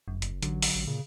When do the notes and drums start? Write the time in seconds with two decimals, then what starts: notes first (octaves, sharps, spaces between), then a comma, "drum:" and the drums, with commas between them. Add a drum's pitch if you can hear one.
0.08 G1 F#2
0.22 F#1, drum: hi-hat
0.43 A1 D3 F#3, drum: hi-hat
0.62 drum: open hi-hat
0.75 A1
0.87 A#2 C#3